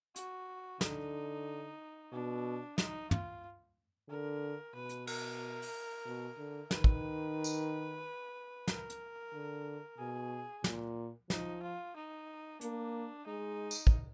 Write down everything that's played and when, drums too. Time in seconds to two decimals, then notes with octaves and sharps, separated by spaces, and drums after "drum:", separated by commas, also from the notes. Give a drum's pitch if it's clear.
0.16 F#4, drum: hi-hat
0.81 D3 D#4, drum: snare
2.12 B2 D4
2.78 D#4, drum: snare
3.11 F4, drum: tom
4.09 D3 A#4
4.75 B2 B4
4.89 drum: hi-hat
5.07 A#4, drum: cymbal
5.62 drum: open hi-hat
6.05 B2
6.38 D3
6.71 D#3 B4, drum: snare
6.84 drum: kick
7.44 drum: tambourine
8.68 A#4, drum: snare
8.90 drum: hi-hat
9.33 D3
9.98 B2 G#4
10.64 A#2, drum: snare
11.30 F3 D#4, drum: snare
11.62 F4
11.96 D#4
12.61 A#3 D4, drum: hi-hat
13.27 G#3 D#4
13.71 drum: tambourine
13.87 drum: kick